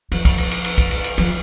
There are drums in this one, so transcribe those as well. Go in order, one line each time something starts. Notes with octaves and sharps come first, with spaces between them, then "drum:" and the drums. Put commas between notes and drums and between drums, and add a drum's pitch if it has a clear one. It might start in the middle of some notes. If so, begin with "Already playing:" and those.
F3, drum: cymbal
drum: kick, cymbal
drum: cymbal
drum: cymbal
drum: cymbal
drum: kick, cymbal
drum: cymbal
drum: cymbal
F3, drum: cymbal